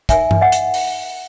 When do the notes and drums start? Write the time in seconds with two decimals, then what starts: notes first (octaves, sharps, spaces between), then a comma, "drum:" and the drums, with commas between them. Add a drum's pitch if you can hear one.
0.09 D#4 A#4 C#5 E5 G#5, drum: kick, hi-hat
0.31 drum: tom G2
0.41 D#5 F#5
0.52 drum: hi-hat
0.74 drum: open hi-hat